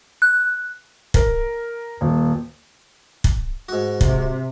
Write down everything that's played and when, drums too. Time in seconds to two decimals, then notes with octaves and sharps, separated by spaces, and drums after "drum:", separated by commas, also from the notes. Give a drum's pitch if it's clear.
0.22 F#6
1.14 A#4, drum: kick
2.01 D#1
3.24 drum: kick
3.69 G#2 F#4
4.01 C3, drum: kick